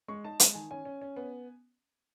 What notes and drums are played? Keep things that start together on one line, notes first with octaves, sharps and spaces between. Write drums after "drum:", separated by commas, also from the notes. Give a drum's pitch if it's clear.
G#3 C#6
D#4 A5
G#3, drum: hi-hat
D#3 G#5
C#4 G#5
C#4
C#4
B3